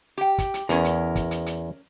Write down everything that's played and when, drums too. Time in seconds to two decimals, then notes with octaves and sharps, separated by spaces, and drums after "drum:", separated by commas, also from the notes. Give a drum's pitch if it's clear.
0.18 G4 G5
0.38 drum: kick, hi-hat
0.54 drum: hi-hat
0.69 E2 C#4 A#4, drum: hi-hat
0.85 drum: hi-hat
1.16 drum: kick, hi-hat
1.31 drum: hi-hat
1.46 drum: hi-hat